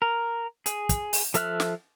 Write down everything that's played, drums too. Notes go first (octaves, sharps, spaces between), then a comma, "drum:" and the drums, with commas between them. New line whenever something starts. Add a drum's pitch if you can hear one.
A#4
G#4, drum: hi-hat
drum: kick, hi-hat
drum: open hi-hat
F3 A4 E5 F6 F#6, drum: hi-hat
drum: snare